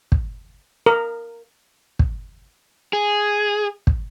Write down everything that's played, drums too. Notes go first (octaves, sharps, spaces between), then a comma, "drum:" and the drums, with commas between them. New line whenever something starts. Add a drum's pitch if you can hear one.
drum: kick
A#4
drum: kick
G#4
drum: kick